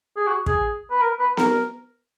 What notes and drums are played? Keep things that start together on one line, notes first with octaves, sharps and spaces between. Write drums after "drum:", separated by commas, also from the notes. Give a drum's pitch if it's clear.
G#4
F#4
G#4, drum: kick
B4
A#4
B4
A#4, drum: snare B3